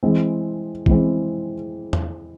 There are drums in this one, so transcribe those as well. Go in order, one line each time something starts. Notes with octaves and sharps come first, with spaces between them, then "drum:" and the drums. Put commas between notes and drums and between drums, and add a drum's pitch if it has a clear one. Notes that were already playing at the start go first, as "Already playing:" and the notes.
E3 G#3 C4
E3 G#3 C4, drum: kick B1
drum: tom E2